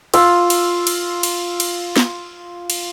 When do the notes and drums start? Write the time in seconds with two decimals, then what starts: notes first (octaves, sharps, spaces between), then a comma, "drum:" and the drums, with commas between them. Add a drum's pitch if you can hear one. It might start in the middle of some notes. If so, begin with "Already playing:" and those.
0.14 F4 E6, drum: cymbal
0.50 drum: cymbal
0.87 drum: cymbal
1.23 drum: cymbal
1.60 drum: cymbal
1.96 drum: snare
2.70 drum: cymbal